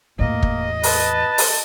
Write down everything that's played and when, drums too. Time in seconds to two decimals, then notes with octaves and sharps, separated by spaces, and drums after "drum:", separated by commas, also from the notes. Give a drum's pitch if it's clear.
0.19 E2 A2 A#3 D#5
0.43 drum: kick
0.83 B4 A5, drum: open hi-hat
1.38 drum: open hi-hat